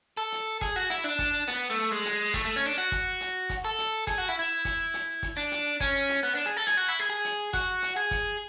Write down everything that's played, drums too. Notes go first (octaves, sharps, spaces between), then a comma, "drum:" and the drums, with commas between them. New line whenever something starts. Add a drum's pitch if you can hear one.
A4
drum: hi-hat
G#4, drum: kick, hi-hat
F#4
E4, drum: hi-hat
D4
drum: kick, hi-hat
B3, drum: hi-hat
A3
G#3
drum: hi-hat
A3, drum: kick, hi-hat
A3
C#4
D4
F#4
drum: kick, hi-hat
drum: hi-hat
drum: kick, hi-hat
A4
drum: hi-hat
G#4, drum: kick, hi-hat
F#4
E4
E4
drum: kick, hi-hat
drum: hi-hat
drum: kick, hi-hat
D4
drum: hi-hat
C#4, drum: kick, hi-hat
drum: hi-hat
B3
D4
G#4
A4
G#4, drum: hi-hat
F#4
E4
G#4
G#4
drum: hi-hat
F#4, drum: kick, hi-hat
drum: hi-hat
G#4
drum: kick, hi-hat